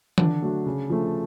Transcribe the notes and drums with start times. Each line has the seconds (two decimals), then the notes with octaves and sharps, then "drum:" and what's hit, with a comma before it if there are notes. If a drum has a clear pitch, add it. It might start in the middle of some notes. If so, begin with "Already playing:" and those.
0.18 D3 D4, drum: tom E3
0.42 F#3 A3
0.66 C#3
0.90 F3 A3